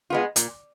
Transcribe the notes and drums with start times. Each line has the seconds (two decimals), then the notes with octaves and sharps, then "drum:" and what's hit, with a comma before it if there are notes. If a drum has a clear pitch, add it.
0.10 G#3 B3 F4
0.36 A#2, drum: hi-hat